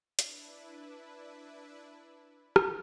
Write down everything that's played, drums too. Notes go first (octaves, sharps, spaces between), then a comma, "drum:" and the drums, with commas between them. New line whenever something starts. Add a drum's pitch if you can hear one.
D4 E4 B4, drum: hi-hat
drum: rim click